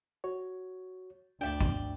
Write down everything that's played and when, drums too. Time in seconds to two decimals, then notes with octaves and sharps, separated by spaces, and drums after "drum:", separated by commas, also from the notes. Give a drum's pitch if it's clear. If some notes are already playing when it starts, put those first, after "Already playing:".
0.24 F#4 C#5
1.41 D2 D4 D5 E5 G5
1.61 drum: kick G#1